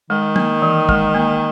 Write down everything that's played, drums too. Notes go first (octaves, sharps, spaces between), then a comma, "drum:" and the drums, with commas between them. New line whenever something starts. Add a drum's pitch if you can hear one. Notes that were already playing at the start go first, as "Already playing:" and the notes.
D#3 G#3
A#3, drum: tom
E3
G#3, drum: kick
A#3